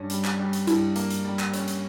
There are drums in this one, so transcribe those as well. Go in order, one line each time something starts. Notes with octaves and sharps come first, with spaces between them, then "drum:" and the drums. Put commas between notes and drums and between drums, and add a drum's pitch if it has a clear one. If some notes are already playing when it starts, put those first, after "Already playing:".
Already playing: G2 C#4
G3, drum: hi-hat
drum: clap
G3
drum: hi-hat
G2 E4, drum: hi-hat
A#3, drum: hi-hat
drum: hi-hat
G3
drum: clap
C#4, drum: hi-hat
drum: hi-hat